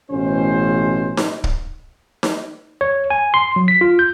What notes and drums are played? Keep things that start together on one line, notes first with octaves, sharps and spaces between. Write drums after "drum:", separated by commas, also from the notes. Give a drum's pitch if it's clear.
A1 B2 C#4 C5
drum: snare D#4
drum: kick
drum: snare D#4
C#5
G#5
C6
F#3
B6
F4
G6